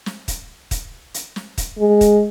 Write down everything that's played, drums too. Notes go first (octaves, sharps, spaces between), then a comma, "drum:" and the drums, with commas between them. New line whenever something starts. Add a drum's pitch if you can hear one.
drum: snare
drum: kick, hi-hat
drum: kick, hi-hat
drum: hi-hat
drum: snare
drum: kick, hi-hat
G#3
drum: kick, hi-hat